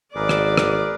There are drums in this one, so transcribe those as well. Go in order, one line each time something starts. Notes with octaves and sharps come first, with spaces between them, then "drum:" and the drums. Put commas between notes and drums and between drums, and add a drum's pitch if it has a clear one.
G#1 G#4 A#4 B4 D5 D6
drum: rim click
drum: rim click